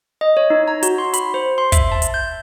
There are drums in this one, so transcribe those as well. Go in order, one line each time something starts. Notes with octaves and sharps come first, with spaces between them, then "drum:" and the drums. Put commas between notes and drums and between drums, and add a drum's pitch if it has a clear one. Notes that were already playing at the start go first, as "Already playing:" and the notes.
D#5
C#5
D#4
A#5
F#4, drum: hi-hat
C6
B5, drum: hi-hat
C5
C6
E5, drum: kick, hi-hat
A5
drum: hi-hat
G6